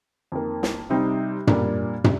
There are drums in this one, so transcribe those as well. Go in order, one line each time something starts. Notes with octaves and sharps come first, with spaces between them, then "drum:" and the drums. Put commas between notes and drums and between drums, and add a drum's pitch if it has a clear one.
F2 D#3 A#3
drum: snare
C3 G3 C4 D#4
A#2 G3 A#3 D4, drum: tom
C3, drum: tom